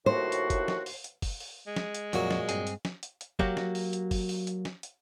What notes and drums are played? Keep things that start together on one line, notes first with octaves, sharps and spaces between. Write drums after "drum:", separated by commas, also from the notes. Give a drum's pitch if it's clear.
D#2 A2 F#4 C5
drum: hi-hat
drum: kick, hi-hat
drum: snare
drum: open hi-hat
drum: hi-hat
drum: kick, open hi-hat
drum: open hi-hat
G#3
drum: snare
drum: hi-hat
F2 A#2 F#3 A#3 F#4, drum: hi-hat
drum: snare
G2 C4 G#4, drum: hi-hat
drum: hi-hat
drum: snare
drum: hi-hat
drum: hi-hat
F#3 A#3 F#4 G4, drum: kick
drum: snare
drum: open hi-hat
drum: hi-hat
drum: kick, open hi-hat
drum: open hi-hat
drum: hi-hat
drum: snare
drum: hi-hat